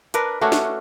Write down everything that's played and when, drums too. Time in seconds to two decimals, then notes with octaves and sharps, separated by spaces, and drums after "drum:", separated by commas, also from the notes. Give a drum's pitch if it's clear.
0.14 D4 A#4 B4, drum: hi-hat
0.41 A3 C#4 D4 F#4
0.52 drum: snare